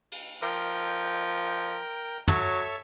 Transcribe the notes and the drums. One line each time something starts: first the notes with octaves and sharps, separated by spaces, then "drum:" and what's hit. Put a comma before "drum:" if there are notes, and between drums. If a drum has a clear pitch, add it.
drum: cymbal
F3 A#4 G5
F#3 A4 C#5 E5, drum: tom